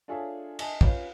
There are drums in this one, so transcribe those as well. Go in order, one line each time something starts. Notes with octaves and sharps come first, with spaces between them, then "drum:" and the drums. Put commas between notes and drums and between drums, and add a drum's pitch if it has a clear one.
D4 F4 G#4 A4 C#5 E5
D#5 E5 G#5 A5, drum: cymbal
C#4 F4 B4 C#5 G5, drum: kick